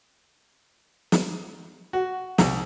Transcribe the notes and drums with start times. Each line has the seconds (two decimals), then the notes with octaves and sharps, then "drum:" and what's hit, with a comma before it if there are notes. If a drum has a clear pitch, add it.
1.12 drum: snare
1.93 F#4
2.38 C2, drum: snare